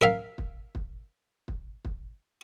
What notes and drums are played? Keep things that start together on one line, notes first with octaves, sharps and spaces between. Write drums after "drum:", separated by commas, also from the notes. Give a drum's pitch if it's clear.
A#4 E5 F5
drum: kick
drum: kick
drum: kick
drum: kick